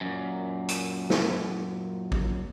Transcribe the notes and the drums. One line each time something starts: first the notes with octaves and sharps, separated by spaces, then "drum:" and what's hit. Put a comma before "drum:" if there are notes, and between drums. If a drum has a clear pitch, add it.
F#2 A#2
drum: hi-hat
drum: snare
drum: kick A1